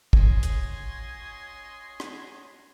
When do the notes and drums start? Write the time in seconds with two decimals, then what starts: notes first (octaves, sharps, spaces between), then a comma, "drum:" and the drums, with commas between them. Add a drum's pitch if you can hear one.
0.13 C#4 F#4 D#5 G#5 C6, drum: kick
0.43 drum: hi-hat
2.00 drum: rim click